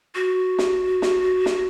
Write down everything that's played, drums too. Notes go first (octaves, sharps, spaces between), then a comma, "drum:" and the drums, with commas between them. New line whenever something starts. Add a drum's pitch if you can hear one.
F#4
drum: snare
drum: snare
drum: snare